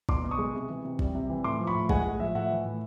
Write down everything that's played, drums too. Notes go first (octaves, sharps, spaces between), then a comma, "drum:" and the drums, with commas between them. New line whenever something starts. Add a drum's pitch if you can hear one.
B2 C6 D6, drum: kick
B2
C#6 D#6
G#3
C3
E3
C3
G3, drum: kick
C3
E3
A2 C6 D6
F3
B5 C#6
A2
G#3 F#5 G#5, drum: kick
A2
F3 E5
A2 E5 F#5
E3
A2